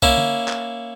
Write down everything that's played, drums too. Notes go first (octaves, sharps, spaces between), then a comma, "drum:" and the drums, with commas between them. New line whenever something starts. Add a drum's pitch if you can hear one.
A#3 C#4 E4, drum: kick B1
drum: tom
drum: clap